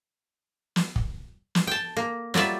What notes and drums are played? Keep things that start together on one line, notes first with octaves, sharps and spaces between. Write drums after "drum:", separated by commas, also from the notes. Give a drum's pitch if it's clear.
drum: snare
drum: kick
drum: snare
G5 A5
A#3
F#3 G3 F4 D5 E5, drum: snare